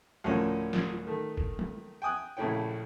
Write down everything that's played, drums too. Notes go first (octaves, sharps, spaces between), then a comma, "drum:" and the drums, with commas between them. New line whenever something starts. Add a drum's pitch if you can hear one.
D2 A2 F3 A#3 C#4
drum: snare
D#3 A3
drum: kick
drum: tom
G5 G#5 D#6 F#6
A#1 C#3 A3 E4 C#5 G5